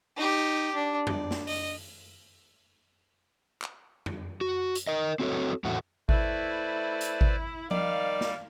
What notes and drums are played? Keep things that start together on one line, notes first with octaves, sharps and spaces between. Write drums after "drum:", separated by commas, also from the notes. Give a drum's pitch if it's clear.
D#4 G4
D4
D5, drum: tom
drum: snare
D#5, drum: open hi-hat
drum: clap
drum: tom
F#4
drum: hi-hat
A#4 D#5
C4 F#4 A4 C#5
E2 A2 A3 F#4
A3 E4 B4 C5 D5, drum: kick G#1
drum: hi-hat
drum: kick G#1
D#3 G3 D5 F5, drum: tom F3
drum: snare